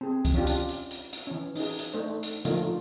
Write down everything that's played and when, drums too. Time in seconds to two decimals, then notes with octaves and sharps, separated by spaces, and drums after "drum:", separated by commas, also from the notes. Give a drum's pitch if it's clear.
0.01 C4 G#4
0.25 drum: kick C#2, hi-hat
0.34 C#4 D4 F4 G4
0.47 drum: hi-hat
0.69 drum: hi-hat
0.91 drum: hi-hat
1.13 drum: hi-hat
1.27 E3 C#4
1.56 D#4 G#4, drum: open hi-hat
1.79 drum: hi-hat
1.93 A3 D4 D#4 C5
2.23 drum: hi-hat
2.45 D3 F3 A3 A#3 D#4 F4, drum: hi-hat